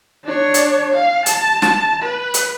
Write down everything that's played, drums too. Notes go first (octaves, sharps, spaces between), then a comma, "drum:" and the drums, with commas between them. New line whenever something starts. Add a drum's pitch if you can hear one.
D4 C#5
drum: hi-hat
F5
A5, drum: hi-hat
drum: snare
B4
drum: hi-hat